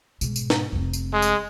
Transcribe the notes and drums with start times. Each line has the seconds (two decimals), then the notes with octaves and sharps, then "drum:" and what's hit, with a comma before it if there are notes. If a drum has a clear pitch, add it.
0.21 G#2 B2, drum: tambourine
0.36 drum: tambourine
0.50 drum: snare
0.72 F1 C4
0.93 drum: tambourine
1.13 G#3
1.22 drum: tambourine